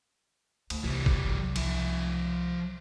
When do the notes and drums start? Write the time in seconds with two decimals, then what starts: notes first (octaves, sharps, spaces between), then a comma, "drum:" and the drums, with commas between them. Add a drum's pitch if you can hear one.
0.70 D2, drum: cymbal
0.84 C2 E3 G3
1.06 drum: kick
1.56 F3 E5, drum: cymbal